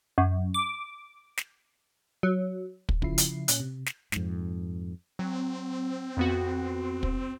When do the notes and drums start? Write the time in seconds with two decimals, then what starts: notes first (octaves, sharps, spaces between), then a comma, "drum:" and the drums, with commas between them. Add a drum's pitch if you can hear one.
0.18 F#2
0.54 D6
1.37 drum: snare
2.23 F#3
2.89 drum: kick
3.02 C#3 F3 E4 C7, drum: kick
3.18 drum: hi-hat
3.48 A#2 C#4 F#6, drum: hi-hat
3.60 C3
3.86 drum: snare
4.12 F2 G#2, drum: snare
5.19 F#3 C4
6.17 F2 B3 F#4
7.03 drum: kick